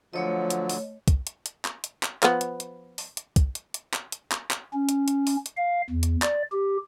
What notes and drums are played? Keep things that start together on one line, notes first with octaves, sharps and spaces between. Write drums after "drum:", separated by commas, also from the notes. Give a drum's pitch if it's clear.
D3 F3 F#3 A3 C#5 D#5
drum: hi-hat
drum: open hi-hat
drum: kick, hi-hat
drum: hi-hat
drum: hi-hat
drum: clap
drum: hi-hat
drum: clap
F3 B3, drum: clap
drum: hi-hat
drum: hi-hat
drum: open hi-hat
drum: hi-hat
drum: kick, hi-hat
drum: hi-hat
drum: hi-hat
drum: clap
drum: hi-hat
drum: clap
drum: clap
C#4
drum: hi-hat
drum: hi-hat
drum: open hi-hat
drum: hi-hat
F5
E2
drum: hi-hat
D5, drum: clap
G4